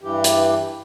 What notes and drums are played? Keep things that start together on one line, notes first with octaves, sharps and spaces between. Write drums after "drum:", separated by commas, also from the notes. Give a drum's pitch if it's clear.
G2 E3 G4
drum: hi-hat